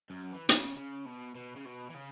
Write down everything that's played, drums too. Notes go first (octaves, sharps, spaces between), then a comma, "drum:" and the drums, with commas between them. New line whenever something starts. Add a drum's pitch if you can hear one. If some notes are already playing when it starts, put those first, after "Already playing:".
F#2
E3
E3, drum: hi-hat
C#3
C#3
B2
B2
C#3
B2
E3
C#3